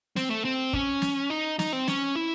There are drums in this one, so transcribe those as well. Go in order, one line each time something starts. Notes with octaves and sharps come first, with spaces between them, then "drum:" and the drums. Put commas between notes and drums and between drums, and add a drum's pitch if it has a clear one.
C4, drum: snare
A3
C4
C#4, drum: kick
drum: snare
D#4
D#4, drum: snare
C4
C#4, drum: snare
E4